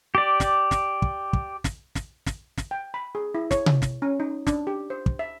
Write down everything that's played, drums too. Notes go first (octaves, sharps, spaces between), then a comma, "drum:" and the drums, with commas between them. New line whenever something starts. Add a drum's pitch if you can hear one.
G4 D5
drum: snare
drum: snare
drum: kick
drum: kick
drum: snare
drum: snare
drum: snare
drum: snare
G5
B5
G#4
E4
C#5, drum: snare
drum: tom C3
drum: snare
C#4
D#4
D4, drum: snare
G4
C5
drum: kick
E5